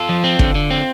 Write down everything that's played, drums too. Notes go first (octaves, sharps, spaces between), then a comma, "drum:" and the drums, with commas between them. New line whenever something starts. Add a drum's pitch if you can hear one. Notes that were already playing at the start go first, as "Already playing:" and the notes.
Already playing: F4 A4
F3
C4
D3, drum: kick
D3
C4